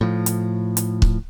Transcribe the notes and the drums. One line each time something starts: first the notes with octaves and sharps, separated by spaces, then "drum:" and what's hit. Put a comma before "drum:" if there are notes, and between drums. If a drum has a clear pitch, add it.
A2 F3
drum: hi-hat
drum: hi-hat
drum: kick C#1